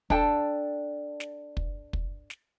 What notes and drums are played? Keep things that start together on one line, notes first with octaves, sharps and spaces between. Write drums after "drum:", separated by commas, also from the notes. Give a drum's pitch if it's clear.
D4 A4 G5 A5, drum: kick
drum: snare
drum: kick
drum: kick
drum: snare